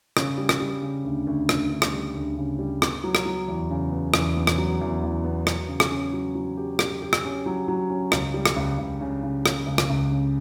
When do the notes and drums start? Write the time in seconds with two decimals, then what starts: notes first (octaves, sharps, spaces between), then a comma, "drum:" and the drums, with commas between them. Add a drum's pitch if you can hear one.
0.17 C#3, drum: rim click
0.38 G3
0.49 drum: rim click
0.60 G3
0.83 C#3
1.05 D2
1.27 D2
1.49 D2, drum: rim click
1.70 D2
1.82 drum: rim click
1.92 G3
2.15 D2
2.37 C#3
2.59 G3
2.82 B3, drum: rim click
3.04 F#3
3.15 drum: rim click
3.25 F#3
3.48 E2
3.70 C#3
3.92 B3
4.14 E2, drum: rim click
4.37 B3
4.47 drum: rim click
4.58 F#3
4.81 E2
5.03 E2
5.24 B3
5.47 F#3, drum: rim click
5.68 C#3
5.80 drum: rim click
5.91 C#4
6.13 F#3
6.35 F#3
6.57 G4
6.79 G4, drum: rim click
7.02 G4
7.13 drum: rim click
7.24 C#4
7.46 F#3
7.68 F#3
7.90 C#4
8.12 C#2, drum: rim click
8.34 G3
8.46 drum: rim click
8.56 C#2
8.78 C#2
9.01 C#3
9.23 C#3
9.46 C#3, drum: rim click
9.67 C#2
9.78 drum: rim click
9.90 C#2
10.12 C#3